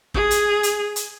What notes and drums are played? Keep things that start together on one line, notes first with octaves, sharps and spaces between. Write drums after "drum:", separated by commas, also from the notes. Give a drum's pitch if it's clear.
G#4, drum: kick
drum: hi-hat
drum: hi-hat
drum: hi-hat